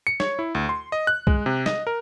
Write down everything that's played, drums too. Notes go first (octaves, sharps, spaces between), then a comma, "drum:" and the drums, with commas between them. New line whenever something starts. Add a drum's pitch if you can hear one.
C#7
C#5, drum: snare
E4
D2
C6
D#5
F#6
G#3, drum: kick C2
C3
D#5, drum: snare
A#4